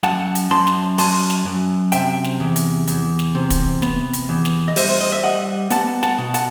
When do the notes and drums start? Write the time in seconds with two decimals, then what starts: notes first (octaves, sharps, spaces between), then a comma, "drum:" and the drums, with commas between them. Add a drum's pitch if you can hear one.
0.03 F#2 F#5 A5, drum: snare
0.35 drum: hi-hat
0.51 F#2 A5 C6
0.67 drum: snare
0.98 F#3 A5 C6, drum: open hi-hat
1.30 drum: snare
1.45 F#2
1.92 C3 E5 G5, drum: hi-hat
2.24 drum: snare
2.40 E2
2.56 drum: hi-hat
2.88 E2, drum: hi-hat
3.19 drum: snare
3.35 C3
3.50 drum: kick, hi-hat
3.82 B3, drum: snare
4.13 drum: hi-hat
4.29 E2
4.45 drum: snare
4.68 D#5
4.76 G3 C5 E5, drum: open hi-hat
4.89 C5
5.01 D#5
5.12 E5
5.24 G3 D#5 F#5
5.70 B3 F#5 A5, drum: hi-hat
6.03 F#5 A5, drum: snare
6.18 B2
6.34 F#5 A5, drum: hi-hat